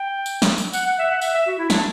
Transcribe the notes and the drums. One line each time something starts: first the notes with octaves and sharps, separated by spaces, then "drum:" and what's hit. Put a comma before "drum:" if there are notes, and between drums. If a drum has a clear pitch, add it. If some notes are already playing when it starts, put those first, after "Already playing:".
Already playing: G5
drum: tambourine
drum: snare
drum: tambourine
F#5, drum: tambourine
F#5
E5
F#5
E5, drum: tambourine
E5
F#4
E4
D4, drum: snare